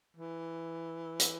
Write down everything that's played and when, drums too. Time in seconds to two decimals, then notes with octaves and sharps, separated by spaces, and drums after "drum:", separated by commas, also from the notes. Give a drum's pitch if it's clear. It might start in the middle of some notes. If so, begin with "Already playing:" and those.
0.17 E3
1.20 drum: hi-hat